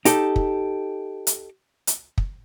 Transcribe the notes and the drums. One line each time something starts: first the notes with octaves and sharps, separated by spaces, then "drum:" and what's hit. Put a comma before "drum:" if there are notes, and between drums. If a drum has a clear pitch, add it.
D#4 G4 A4, drum: hi-hat
drum: kick
drum: hi-hat
drum: hi-hat
drum: kick